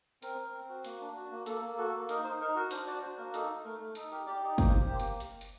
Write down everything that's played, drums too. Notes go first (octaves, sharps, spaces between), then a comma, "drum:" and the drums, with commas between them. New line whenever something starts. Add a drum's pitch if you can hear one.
C4 A#4, drum: hi-hat
C4
C4
F#4
A#3, drum: hi-hat
D4
F#4
A#3
A#3 A4, drum: hi-hat
A#3
F#4 A4
A#3
D#4 A#4, drum: hi-hat
D#4 C5
D#4 A#4
F#4 A#4
D4 C5, drum: open hi-hat
F#4 D5
F#4 C5
A#3 A#4
D#4 A4, drum: hi-hat
D#4
A3 A#4
A3
D#4 A4, drum: hi-hat
G4 A#4
G4 D5
D#4 D5
A#3 C5, drum: kick, hi-hat
G4
A#3
drum: hi-hat
drum: hi-hat
drum: hi-hat